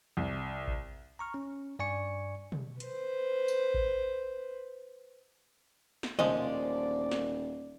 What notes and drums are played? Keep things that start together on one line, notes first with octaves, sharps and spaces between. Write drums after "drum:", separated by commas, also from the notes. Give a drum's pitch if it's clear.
C2
drum: kick A1
A#5 C#6 F6
C#4
G2 D5 G#5 C#6 C#7
drum: tom B2
B4 C5, drum: hi-hat
drum: tambourine
drum: kick A1
drum: snare
D#1 D2 F3 G#3 A#3 D5 D#5, drum: tom
drum: snare